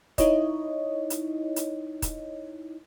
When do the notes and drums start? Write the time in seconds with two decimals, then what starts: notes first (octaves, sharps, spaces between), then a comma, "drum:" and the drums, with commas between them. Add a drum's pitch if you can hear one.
0.18 D#4 E4 C#5 D#5, drum: kick D#1, hi-hat
1.10 drum: hi-hat
1.56 drum: hi-hat
2.02 drum: kick D#1, hi-hat